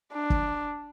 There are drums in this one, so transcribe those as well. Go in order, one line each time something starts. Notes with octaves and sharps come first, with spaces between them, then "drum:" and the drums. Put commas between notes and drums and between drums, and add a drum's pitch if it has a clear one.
D4
drum: kick